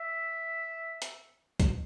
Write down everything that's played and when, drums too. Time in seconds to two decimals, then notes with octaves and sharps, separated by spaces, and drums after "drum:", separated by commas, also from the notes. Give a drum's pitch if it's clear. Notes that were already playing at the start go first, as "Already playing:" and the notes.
Already playing: E5
1.02 drum: hi-hat
1.60 drum: kick B1, hi-hat